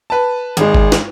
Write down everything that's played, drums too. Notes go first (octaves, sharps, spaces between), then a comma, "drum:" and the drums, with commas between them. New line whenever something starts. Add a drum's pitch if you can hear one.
B4 A5
G#1 G#3, drum: hi-hat
drum: kick G1
drum: snare